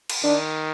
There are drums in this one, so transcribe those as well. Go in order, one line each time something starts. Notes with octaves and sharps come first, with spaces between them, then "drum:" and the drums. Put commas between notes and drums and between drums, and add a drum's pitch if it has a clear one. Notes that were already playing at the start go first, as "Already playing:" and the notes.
drum: cymbal
D#3 D4